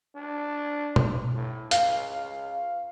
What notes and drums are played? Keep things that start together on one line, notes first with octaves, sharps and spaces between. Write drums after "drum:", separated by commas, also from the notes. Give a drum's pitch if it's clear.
D4
drum: tom B2
A2
C#2 F5, drum: hi-hat